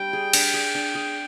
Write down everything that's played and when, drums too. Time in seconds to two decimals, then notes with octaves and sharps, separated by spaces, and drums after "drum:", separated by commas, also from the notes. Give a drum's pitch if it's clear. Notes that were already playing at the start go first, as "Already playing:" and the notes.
Already playing: G3 D4 G5
0.13 G#4
0.33 D4, drum: cymbal
0.54 G#4
0.75 D4
0.95 G#4